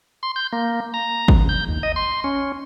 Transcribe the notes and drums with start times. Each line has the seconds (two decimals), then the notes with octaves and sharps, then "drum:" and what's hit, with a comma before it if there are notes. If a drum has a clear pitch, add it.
0.23 C6
0.36 G6
0.53 A#3
0.94 A#5
1.28 drum: kick G#1
1.49 G6
1.68 D#2
1.83 D#5
1.96 C6
2.24 C#4